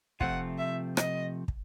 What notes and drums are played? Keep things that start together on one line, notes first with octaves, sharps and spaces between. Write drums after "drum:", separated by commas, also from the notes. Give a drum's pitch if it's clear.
C3 F3 A3 C4 F4 F#5, drum: kick
E5
D#5, drum: rim click
drum: kick